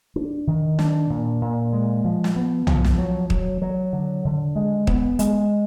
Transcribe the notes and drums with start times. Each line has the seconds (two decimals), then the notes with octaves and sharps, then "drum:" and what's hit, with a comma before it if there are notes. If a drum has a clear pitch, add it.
0.16 D4
0.47 D#3
0.79 D4, drum: snare
1.10 A#2
1.41 A#2
1.73 G#3
2.04 F3
2.24 drum: snare
2.36 B3
2.67 F3, drum: tom
2.84 drum: snare
2.98 F#3
3.30 F#3, drum: kick
3.62 F#3
3.93 D3
4.25 D3
4.56 G#3
4.87 B3, drum: kick
5.19 G#3, drum: hi-hat